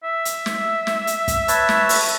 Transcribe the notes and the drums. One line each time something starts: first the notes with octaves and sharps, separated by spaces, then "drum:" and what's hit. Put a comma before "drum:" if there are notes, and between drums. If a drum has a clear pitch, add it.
E5
drum: hi-hat
drum: snare
drum: snare
drum: hi-hat
drum: kick, hi-hat
B4 C#5 A5, drum: hi-hat
drum: snare
drum: open hi-hat